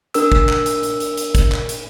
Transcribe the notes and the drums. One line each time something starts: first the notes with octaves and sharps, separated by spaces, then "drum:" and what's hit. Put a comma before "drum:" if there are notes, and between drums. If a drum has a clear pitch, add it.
D4 A#4 E6, drum: hi-hat
drum: kick
drum: clap
drum: hi-hat
drum: hi-hat
drum: hi-hat
drum: hi-hat
drum: kick, hi-hat
drum: clap
drum: hi-hat